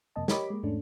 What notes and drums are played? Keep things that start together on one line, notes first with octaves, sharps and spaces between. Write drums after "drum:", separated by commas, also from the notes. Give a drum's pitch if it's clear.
F2 C3 A#3 D#5 A5
G4 A#4 C#5 D#5 B5 D6, drum: snare
G#3 A#3
E2 G#2 A3 C#4 D4